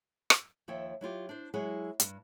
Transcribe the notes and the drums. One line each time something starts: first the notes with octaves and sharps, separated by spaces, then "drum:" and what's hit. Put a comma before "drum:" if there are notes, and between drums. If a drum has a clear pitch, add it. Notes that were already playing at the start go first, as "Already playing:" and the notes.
drum: rim click
D#2 F3 C#5 E5 G5
F#3 E4 F4 G4
D4 C5
F#3 G#3 E4 G#4 F#5
G2, drum: hi-hat